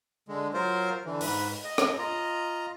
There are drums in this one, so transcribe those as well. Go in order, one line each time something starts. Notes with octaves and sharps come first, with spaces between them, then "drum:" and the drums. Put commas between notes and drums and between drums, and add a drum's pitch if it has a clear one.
D3 G#3
F#3 F4 A#4 C5
D3 E3
G#2 B4, drum: open hi-hat
D#5
drum: rim click
F4 D#5 A#5